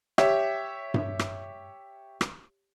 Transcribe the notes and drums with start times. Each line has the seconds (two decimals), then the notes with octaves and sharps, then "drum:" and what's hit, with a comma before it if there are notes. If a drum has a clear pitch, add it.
0.18 G4 C#5 E5, drum: rim click
0.94 drum: tom G2
1.19 drum: rim click
2.21 drum: rim click